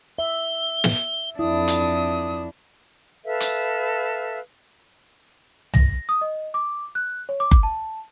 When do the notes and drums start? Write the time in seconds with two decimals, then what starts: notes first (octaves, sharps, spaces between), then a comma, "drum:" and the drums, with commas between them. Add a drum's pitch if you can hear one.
0.19 E5 G7
0.84 drum: snare
1.39 F2 D4 E4 D#6
1.68 drum: hi-hat
3.24 A4 B4 E5 F5
3.40 drum: hi-hat
5.74 A#6, drum: tom
6.09 D#6
6.21 D#5
6.54 D6
6.95 F#6
7.29 C#5
7.40 D6
7.51 drum: kick F#1
7.63 A5